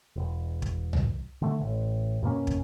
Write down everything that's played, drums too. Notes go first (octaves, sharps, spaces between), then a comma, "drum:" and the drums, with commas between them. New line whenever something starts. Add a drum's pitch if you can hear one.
E1
drum: kick
drum: tom
D3 A3
A1
F#2 B2 A#3 C#4
drum: kick